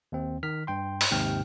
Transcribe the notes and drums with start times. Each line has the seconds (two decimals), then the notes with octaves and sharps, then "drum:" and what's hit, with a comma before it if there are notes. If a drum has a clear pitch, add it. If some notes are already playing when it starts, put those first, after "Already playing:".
0.12 D#2 C4
0.43 D#3 F6 B6
0.67 G2 G5 C6
1.01 drum: open hi-hat
1.11 D#2 G#2 C3 G5 F6